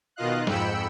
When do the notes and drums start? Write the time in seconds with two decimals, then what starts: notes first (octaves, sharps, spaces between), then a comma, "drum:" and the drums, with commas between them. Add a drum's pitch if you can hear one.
0.16 B2 D#3 F4 D#5 F5 F#6
0.47 F2 G#2 G5 B5 E6 C#7, drum: snare